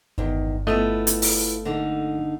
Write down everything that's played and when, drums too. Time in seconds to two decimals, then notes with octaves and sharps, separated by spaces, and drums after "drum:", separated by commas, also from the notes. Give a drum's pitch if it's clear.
0.18 G1 E2 D#3
0.67 A3 B3 E4 F4 D#5
1.07 drum: hi-hat
1.22 drum: open hi-hat
1.65 D3 A#3 D#4